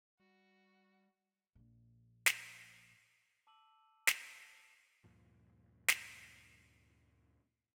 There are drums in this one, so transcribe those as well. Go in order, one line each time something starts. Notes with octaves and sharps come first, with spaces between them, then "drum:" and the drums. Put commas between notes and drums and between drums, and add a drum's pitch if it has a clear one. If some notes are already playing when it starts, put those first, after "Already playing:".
G3 F#4
A#1 A#2
drum: snare
A5 D6 E6 D#7 F#7
drum: snare
D2 G2 A#2 F3
drum: snare